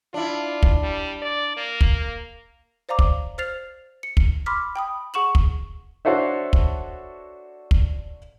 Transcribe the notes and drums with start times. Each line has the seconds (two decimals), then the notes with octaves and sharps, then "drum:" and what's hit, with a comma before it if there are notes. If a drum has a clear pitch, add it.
0.14 D4 E4 F4
0.63 drum: kick
0.83 G3
1.22 D5
1.57 A#3
1.81 drum: kick
2.89 C5 D5 F5 A#5 D6
2.99 drum: kick
3.38 C5 F6 A6 C7 F7
4.03 C#7
4.17 drum: kick
4.46 B5 C6 D6 F6 B6
4.76 G5 B5 D#6
5.14 G#4 F#5 C#6 E7 F#7
5.35 drum: kick
6.05 D4 F#4 A4 C5 C#5 E5
6.53 drum: kick
7.71 drum: kick